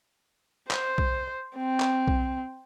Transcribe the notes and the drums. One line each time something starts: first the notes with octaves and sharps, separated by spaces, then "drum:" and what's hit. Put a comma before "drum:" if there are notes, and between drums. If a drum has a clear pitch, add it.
C5, drum: clap
drum: kick B1
C4
drum: clap
drum: kick B1